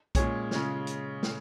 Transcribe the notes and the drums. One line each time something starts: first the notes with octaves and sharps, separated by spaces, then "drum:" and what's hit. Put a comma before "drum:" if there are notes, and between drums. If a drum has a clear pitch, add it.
A#2 G#3 C#4 G#4 C#5, drum: kick B1, hi-hat
C#3 G#3 C#4 F4, drum: snare
drum: hi-hat
drum: snare